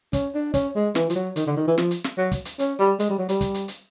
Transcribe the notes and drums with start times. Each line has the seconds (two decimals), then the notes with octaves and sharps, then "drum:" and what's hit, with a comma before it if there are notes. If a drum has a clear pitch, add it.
0.13 C#4, drum: kick, hi-hat
0.34 D4
0.54 C#4, drum: kick, hi-hat
0.75 G#3
0.95 E3, drum: snare
1.10 F3, drum: hi-hat
1.16 F#3
1.36 D#3, drum: hi-hat
1.47 D3
1.57 D#3
1.67 E3
1.78 F3, drum: snare
1.91 drum: hi-hat
2.04 drum: snare
2.17 F#3
2.32 drum: kick, hi-hat
2.45 drum: hi-hat
2.59 C#4, drum: hi-hat
2.79 G3
3.00 G#3, drum: hi-hat
3.10 G3
3.18 F#3
3.29 G3, drum: hi-hat
3.41 drum: kick, hi-hat
3.54 drum: hi-hat
3.68 drum: hi-hat